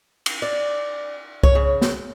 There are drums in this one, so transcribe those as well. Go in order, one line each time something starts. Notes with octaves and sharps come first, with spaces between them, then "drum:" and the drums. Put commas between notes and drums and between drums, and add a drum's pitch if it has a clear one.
drum: cymbal
D5
C#5, drum: kick C2
C#3
drum: snare